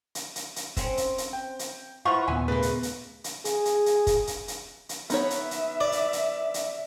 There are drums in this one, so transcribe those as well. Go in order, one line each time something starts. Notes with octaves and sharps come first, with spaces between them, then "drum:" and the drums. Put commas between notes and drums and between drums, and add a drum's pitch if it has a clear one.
drum: hi-hat
drum: hi-hat
drum: hi-hat
C4 C#4, drum: kick, hi-hat
drum: hi-hat
drum: hi-hat
G5
drum: hi-hat
E3 F3 F4 F#5 C#6
D#2 A#2 B3 E5 G#5
C#3 A3 A#3 B4
drum: hi-hat
drum: hi-hat
drum: hi-hat
G#4, drum: hi-hat
drum: hi-hat
drum: hi-hat
drum: kick, hi-hat
drum: hi-hat
drum: hi-hat
drum: hi-hat
B3 D#4 C#5 E5, drum: hi-hat
drum: hi-hat
drum: hi-hat
D5
drum: hi-hat
drum: hi-hat
drum: hi-hat